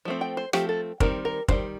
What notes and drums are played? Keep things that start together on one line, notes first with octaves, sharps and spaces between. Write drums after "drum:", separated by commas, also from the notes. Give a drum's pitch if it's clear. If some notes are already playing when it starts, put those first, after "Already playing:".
F3 A3 C4
G5
C5
F3 A3 C4 G4, drum: rim click
A4
D#3 G3 C4 A#4, drum: kick
A#4
D#3 G3 C4 C5, drum: kick